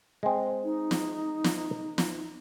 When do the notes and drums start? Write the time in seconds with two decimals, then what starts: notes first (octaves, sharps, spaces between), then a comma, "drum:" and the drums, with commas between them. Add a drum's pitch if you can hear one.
0.23 G#3 C4
0.64 D#4
0.91 drum: snare
1.44 drum: snare
1.98 drum: snare